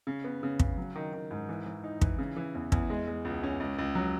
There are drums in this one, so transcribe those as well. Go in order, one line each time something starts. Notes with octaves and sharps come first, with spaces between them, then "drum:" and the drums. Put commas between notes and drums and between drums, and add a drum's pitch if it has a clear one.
C#3
B3
C#3
C#3, drum: kick
F#3
D#3
D#3
G#2
E3
E3
D#4
E3, drum: kick
C#3
E3
E2
E2, drum: kick
G#3
G#3
C#2
C#4
C#2
C#2
F#3